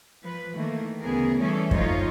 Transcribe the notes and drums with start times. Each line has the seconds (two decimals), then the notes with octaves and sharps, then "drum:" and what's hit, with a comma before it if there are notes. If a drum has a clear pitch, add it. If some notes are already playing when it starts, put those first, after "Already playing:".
0.23 F3 B4
0.54 D#3 E3 A3 A#3
1.00 D2 C#3 E3 B3 G#4 A#4
1.37 E3 G3 A3 C#4 G#4 A4
1.71 D2 F3 D#4 F4 C#5 D#5, drum: kick F#2